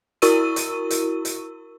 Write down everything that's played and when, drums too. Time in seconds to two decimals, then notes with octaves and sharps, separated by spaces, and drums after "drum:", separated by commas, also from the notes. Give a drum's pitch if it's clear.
0.22 E4 F#4 A#4 C#6 E6 D#7, drum: hi-hat
0.56 drum: hi-hat
0.91 drum: hi-hat
1.25 drum: hi-hat